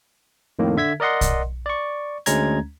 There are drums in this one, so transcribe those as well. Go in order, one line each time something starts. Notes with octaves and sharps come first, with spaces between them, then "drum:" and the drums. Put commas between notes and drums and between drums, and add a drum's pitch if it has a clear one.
F2 A2 D#3 A#3
D3 E5 G#6 B6
A#4 D5 D#5 F#5 C6
drum: kick, hi-hat
D5 C#6
D2 G#3 C#4 A#5 G#6, drum: hi-hat